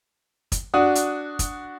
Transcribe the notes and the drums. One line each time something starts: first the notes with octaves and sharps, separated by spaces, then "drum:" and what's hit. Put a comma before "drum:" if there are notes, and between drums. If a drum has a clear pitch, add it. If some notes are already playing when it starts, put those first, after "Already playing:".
drum: kick, hi-hat
D4 F#4 D#6
drum: hi-hat
drum: kick, hi-hat